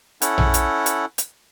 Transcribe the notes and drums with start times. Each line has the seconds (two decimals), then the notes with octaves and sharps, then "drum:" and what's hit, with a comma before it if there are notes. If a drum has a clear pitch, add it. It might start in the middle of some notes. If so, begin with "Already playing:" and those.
0.22 C#4 E4 A4 F#5, drum: hi-hat
0.38 drum: tom A#1
0.54 drum: hi-hat
0.86 drum: hi-hat
1.18 drum: hi-hat